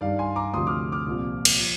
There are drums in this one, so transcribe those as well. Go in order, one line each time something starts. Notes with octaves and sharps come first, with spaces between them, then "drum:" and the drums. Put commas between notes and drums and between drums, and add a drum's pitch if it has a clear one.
G2 D#3 G3 D5 F5
G#5 C6
A#5 D6
D2 C3 F3 C6 D#6
D6 F6
D6 F6
C2 A#2 F3
drum: cymbal
F3